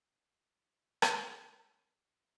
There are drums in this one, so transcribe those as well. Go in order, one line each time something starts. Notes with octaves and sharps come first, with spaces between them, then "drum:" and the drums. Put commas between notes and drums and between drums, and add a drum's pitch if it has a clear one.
G#4 A#4 C6
drum: rim click
C3 D#3